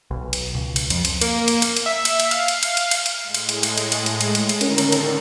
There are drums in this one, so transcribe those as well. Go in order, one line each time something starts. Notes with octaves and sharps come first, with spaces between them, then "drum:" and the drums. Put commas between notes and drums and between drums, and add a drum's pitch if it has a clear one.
B1
drum: cymbal
C#2
drum: cymbal
F2, drum: cymbal
drum: cymbal
A#3, drum: cymbal
drum: cymbal
drum: cymbal
drum: cymbal
E5
drum: cymbal
drum: cymbal
F5, drum: cymbal
drum: cymbal
drum: cymbal
drum: cymbal
drum: cymbal
drum: cymbal
A2 G#3
drum: cymbal
drum: cymbal
drum: cymbal
drum: cymbal
drum: cymbal
drum: cymbal
drum: cymbal
drum: cymbal
drum: cymbal
D3 D#3 C#4 A4 A#4, drum: cymbal
drum: cymbal
drum: cymbal